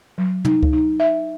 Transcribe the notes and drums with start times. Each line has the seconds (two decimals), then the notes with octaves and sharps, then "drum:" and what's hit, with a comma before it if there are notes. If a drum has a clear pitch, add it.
0.18 F#3
0.45 D#4, drum: tom
0.63 drum: kick C#2
0.73 D#4
1.00 E5